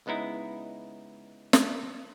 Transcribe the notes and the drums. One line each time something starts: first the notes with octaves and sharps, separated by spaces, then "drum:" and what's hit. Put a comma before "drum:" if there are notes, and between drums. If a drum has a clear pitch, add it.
C#2 G#3 B3 D#4 E4
drum: snare